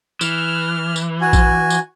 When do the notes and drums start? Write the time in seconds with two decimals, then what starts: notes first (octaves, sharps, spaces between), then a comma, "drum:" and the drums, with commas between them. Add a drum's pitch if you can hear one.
0.21 E3 F6, drum: tambourine
0.96 drum: tambourine
1.21 F#4 G#5
1.33 drum: kick A#1, tambourine
1.70 drum: tambourine